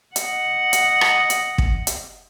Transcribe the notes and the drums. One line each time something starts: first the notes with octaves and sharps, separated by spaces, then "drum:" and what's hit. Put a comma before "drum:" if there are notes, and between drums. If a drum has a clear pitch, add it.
D#5 F#5, drum: hi-hat
drum: hi-hat
drum: rim click
drum: hi-hat
drum: kick
drum: hi-hat